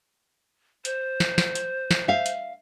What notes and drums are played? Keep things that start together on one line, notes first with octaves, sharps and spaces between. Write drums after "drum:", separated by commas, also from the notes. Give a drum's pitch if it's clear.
C5, drum: hi-hat
drum: snare
drum: snare
drum: hi-hat
drum: snare
E5 F5
drum: hi-hat